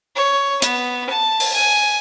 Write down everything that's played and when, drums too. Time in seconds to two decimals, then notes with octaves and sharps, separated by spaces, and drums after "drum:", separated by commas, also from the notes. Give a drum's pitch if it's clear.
0.16 C#5
0.62 B3, drum: hi-hat
1.09 A5
1.40 drum: open hi-hat
1.53 G#5